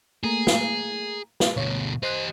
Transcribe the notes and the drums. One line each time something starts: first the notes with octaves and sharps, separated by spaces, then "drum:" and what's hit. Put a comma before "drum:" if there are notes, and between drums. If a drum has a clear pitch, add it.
A3 A#3 G#4 A#5
drum: snare
drum: snare
D2 B2 C#5
G4 C5 D#5 C6 F#6